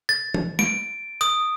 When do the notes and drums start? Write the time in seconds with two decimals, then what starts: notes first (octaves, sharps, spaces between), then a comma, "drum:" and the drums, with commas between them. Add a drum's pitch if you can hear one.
0.09 A6
0.34 drum: tom
0.59 D7, drum: snare
1.21 D#6, drum: hi-hat